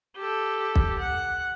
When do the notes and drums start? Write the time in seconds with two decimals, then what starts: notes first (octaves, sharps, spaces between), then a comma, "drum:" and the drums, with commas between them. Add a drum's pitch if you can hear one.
0.17 G4 A4
0.75 drum: kick
0.99 F#5